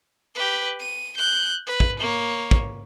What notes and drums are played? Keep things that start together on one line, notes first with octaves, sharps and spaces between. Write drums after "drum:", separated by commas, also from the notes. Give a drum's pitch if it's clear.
G4 B4
D#7
F#6 G6
B4
drum: kick
A#3 C#5
drum: kick